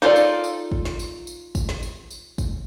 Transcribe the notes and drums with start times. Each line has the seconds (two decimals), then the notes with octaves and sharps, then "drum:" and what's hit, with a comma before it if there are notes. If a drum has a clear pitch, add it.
0.02 D#4 F4 A4 D5, drum: snare
0.16 drum: tambourine
0.44 drum: tambourine
0.72 drum: kick
0.85 drum: snare
0.99 drum: tambourine
1.27 drum: tambourine
1.55 drum: kick, tambourine
1.69 drum: snare
1.83 drum: tambourine
2.10 drum: tambourine
2.38 drum: kick, tambourine